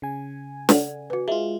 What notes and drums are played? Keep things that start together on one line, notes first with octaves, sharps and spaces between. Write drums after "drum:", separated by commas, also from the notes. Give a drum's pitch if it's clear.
C#3 G#5
A4 D5 F#5, drum: snare
F#4 B4
G#3 F4 E5